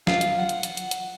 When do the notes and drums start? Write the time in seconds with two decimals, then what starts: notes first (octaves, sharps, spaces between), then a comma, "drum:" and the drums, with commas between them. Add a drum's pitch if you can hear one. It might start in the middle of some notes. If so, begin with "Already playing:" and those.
0.07 F4, drum: snare
0.21 drum: hi-hat
0.39 F#5
0.49 drum: hi-hat
0.63 drum: hi-hat
0.77 drum: hi-hat
0.91 drum: hi-hat